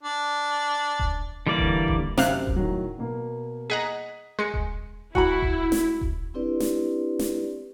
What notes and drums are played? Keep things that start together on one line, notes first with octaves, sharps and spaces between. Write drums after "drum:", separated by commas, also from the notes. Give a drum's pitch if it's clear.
D4
drum: kick D#1
D3 E3 G3 A#3 D5
drum: kick D#1
drum: kick D#1
F#2 C3 F5 F#6, drum: snare
drum: kick D#1
A2 D#3 F#3
B2 A#3
G#4 D#5 F#5 A#5 B6
G#3 C#7
drum: kick D#1
E4 F#4 G5 B5, drum: kick D#1
drum: kick D#1
drum: snare
drum: kick D#1
C4 D4 E4 G4 B4 D5
drum: snare
drum: snare